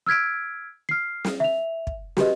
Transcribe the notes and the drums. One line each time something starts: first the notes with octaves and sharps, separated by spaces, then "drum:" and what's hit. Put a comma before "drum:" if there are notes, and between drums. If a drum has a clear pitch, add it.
E6 F6 G#6 B6 D7
F6 C7
drum: snare
E5 F7
drum: kick
F#4 G4 B4 D#5, drum: snare